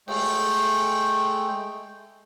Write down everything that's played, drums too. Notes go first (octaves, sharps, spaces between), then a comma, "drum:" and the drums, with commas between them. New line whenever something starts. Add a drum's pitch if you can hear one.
G#3 A3 G5, drum: cymbal